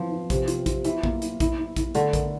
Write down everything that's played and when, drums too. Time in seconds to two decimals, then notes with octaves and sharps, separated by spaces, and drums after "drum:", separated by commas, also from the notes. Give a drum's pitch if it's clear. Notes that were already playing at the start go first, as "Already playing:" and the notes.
Already playing: E3 F3 C4
0.11 E3
0.30 C3, drum: kick A#1, hi-hat
0.48 F4, drum: hi-hat
0.66 F4, drum: kick A#1, hi-hat
0.85 E3 E4, drum: hi-hat
1.03 A#3, drum: kick A#1
1.22 E4, drum: hi-hat
1.40 E4, drum: kick A#1, hi-hat
1.59 E4
1.76 E4, drum: kick A#1, hi-hat
1.95 D3 A3, drum: hi-hat
2.13 A#4, drum: kick A#1, hi-hat